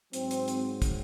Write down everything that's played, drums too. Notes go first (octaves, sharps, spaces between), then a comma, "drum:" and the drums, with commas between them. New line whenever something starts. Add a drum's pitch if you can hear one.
G#2 F#3 C4, drum: hi-hat
drum: hi-hat
drum: hi-hat
drum: kick, hi-hat